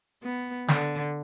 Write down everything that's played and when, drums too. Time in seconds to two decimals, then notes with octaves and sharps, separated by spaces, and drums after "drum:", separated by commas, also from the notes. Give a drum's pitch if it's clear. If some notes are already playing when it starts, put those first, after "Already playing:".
0.23 B3
0.68 D3, drum: snare